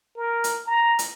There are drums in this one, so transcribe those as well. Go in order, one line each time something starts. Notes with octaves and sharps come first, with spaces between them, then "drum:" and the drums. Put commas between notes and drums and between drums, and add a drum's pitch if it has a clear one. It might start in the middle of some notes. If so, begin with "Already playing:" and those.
A#4
drum: hi-hat
A#5
drum: hi-hat